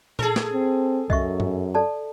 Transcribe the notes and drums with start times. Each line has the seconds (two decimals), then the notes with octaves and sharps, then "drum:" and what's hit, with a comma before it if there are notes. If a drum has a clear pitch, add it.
0.19 G#4 A4, drum: tom A#2
0.36 drum: snare
0.53 C4
1.10 F#2 D#5 E5 C#6, drum: kick C2
1.40 drum: tom G2
1.75 A4 D5 A5